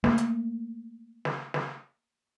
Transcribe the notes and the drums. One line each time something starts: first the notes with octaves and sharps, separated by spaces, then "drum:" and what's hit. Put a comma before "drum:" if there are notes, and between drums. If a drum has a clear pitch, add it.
A3 A#3, drum: snare
drum: hi-hat
drum: snare
drum: snare